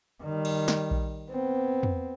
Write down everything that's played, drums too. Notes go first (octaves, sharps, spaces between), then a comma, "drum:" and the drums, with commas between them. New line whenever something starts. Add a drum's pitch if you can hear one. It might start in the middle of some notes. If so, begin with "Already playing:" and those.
D#3 G3
drum: cymbal
drum: snare
drum: kick A#1
B3 C4
drum: tom